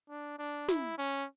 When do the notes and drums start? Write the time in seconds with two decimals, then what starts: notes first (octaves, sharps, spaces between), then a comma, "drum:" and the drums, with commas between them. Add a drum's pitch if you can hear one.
0.09 D4
0.39 D4
0.68 E4, drum: snare
0.98 C#4